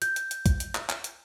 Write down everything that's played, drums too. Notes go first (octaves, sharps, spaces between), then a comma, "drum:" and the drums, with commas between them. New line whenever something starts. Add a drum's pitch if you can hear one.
G6, drum: hi-hat
drum: hi-hat
drum: hi-hat
drum: kick, hi-hat
drum: hi-hat
drum: clap
drum: clap
drum: hi-hat